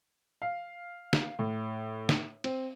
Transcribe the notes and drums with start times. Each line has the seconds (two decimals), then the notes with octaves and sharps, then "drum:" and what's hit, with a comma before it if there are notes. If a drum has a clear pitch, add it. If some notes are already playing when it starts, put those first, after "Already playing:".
0.42 F5
1.13 drum: snare
1.39 A2
2.09 drum: snare
2.44 C4, drum: cymbal